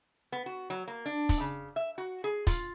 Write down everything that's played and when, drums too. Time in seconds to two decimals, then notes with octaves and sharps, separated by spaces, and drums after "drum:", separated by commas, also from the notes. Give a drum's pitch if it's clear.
0.32 B3
0.46 F#4
0.70 F#3
0.87 A#3
1.06 D4
1.29 drum: kick, hi-hat
1.40 C#3
1.76 E5
1.98 F#4
2.24 G#4
2.47 F4, drum: kick, hi-hat